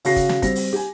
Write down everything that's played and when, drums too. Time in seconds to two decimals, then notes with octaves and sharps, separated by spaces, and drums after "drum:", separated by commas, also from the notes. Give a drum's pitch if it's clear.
0.05 C#3 F#4 A#6 C7, drum: open hi-hat
0.16 drum: kick, hi-hat
0.29 drum: snare
0.42 G3 C4 A#6, drum: kick, hi-hat
0.55 drum: open hi-hat
0.73 G4 G#5